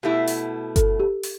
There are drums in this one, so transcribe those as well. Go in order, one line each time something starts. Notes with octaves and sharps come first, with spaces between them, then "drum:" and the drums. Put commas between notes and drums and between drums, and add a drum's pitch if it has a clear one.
B2 A3 E4 G4
drum: open hi-hat
A4, drum: kick G1, hi-hat
G4
drum: open hi-hat